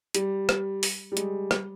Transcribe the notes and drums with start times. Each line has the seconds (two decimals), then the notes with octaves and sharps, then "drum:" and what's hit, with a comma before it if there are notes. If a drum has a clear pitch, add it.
0.14 G3, drum: hi-hat
0.49 drum: rim click
0.83 drum: open hi-hat
1.12 G3
1.17 G#3, drum: hi-hat
1.51 G3, drum: rim click